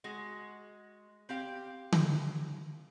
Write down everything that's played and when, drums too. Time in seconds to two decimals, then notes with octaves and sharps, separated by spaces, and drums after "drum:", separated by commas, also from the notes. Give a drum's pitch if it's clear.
0.04 G#3 F#4
1.29 C4 G4 F5
1.92 drum: tom D3